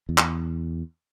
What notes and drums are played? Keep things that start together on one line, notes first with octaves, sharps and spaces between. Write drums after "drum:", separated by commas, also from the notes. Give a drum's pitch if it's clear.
E2
drum: clap